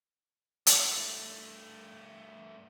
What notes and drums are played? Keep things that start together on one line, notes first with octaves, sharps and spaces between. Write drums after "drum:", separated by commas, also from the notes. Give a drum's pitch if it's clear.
G2 A3, drum: hi-hat